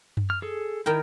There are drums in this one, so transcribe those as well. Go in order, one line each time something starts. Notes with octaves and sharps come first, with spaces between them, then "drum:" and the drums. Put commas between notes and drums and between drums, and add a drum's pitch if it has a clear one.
drum: tom F#2
F6
G#4 A4
D#3 E4 A#4 G5